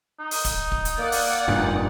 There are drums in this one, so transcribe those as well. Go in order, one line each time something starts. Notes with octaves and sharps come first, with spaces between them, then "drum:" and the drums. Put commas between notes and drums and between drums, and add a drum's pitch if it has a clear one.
D#4
drum: open hi-hat
drum: kick, hi-hat
drum: kick
drum: hi-hat
A#3 D5 F#5
drum: open hi-hat
F1 G2 A#2 D#4